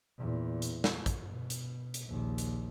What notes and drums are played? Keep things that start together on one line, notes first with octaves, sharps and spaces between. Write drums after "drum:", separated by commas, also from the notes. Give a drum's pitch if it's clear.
E2 A#2
drum: hi-hat
drum: snare
drum: kick, hi-hat
B2
drum: hi-hat
drum: hi-hat
A#1 D#2
drum: hi-hat